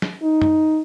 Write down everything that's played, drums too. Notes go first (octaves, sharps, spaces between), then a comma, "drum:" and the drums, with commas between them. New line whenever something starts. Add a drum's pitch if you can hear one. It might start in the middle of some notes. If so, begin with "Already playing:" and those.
drum: snare
D#4
drum: tom